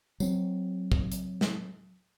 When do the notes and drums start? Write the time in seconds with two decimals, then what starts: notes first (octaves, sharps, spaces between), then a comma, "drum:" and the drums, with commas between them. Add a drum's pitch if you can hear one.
0.20 F#3 C4, drum: tambourine
0.92 drum: kick
1.12 drum: hi-hat
1.41 drum: snare